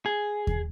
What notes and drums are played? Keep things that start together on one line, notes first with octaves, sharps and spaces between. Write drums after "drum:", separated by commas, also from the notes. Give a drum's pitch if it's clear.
G#4
drum: kick D#2